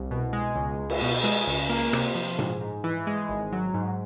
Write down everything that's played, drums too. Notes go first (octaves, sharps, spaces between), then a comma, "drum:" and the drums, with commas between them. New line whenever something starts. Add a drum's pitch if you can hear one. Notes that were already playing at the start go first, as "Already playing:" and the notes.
Already playing: C2
B2
G#3
C#2
C#2
drum: cymbal
B2
G#3, drum: hi-hat
C#2
A#3
C3, drum: rim click
F3
G#2, drum: tom A#2
G#2
E3
G#3
G#1
F#3
G#2